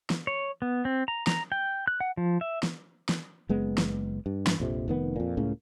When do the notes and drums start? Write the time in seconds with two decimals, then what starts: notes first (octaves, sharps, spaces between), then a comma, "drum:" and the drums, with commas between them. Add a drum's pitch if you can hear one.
0.10 drum: snare
0.27 C#5
0.62 B3
0.85 C4
1.08 A#5
1.27 A#5, drum: snare
1.52 G5
1.87 F#6
2.00 F#5
2.17 F3
2.41 E5
2.63 drum: snare
3.09 drum: snare
3.49 F#1 G#3 B3
3.78 drum: snare
4.26 G2
4.47 drum: snare
4.60 A#1 F2 C3
4.88 F1 D#3 B3
5.16 F2 A#2
5.37 C#2 A2 C#3 A#3